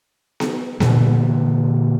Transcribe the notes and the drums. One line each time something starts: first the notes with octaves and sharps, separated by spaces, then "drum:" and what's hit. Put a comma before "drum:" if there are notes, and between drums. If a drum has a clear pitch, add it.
drum: snare B3
A#2 D3 E3 G3, drum: snare B3